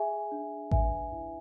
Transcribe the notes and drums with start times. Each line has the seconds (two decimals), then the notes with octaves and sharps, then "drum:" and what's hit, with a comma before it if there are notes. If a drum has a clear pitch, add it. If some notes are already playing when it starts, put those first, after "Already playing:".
Already playing: G#4 E5 G#5
0.32 D4
0.71 B4 E5 G#5, drum: kick A1
1.12 E4